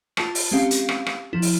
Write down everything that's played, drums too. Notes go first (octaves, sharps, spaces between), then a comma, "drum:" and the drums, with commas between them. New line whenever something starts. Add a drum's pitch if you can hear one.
F4 A5 A6, drum: rim click
drum: open hi-hat
G#3 C4 C#4 G4 F5
drum: hi-hat
drum: rim click
drum: rim click
F3 E4
drum: open hi-hat